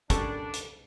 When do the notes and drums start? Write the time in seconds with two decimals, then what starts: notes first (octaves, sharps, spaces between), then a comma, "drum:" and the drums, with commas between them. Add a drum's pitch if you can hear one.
0.10 C#3 G3 D4 A4 A#4 A5 C#6, drum: kick, hi-hat
0.54 drum: hi-hat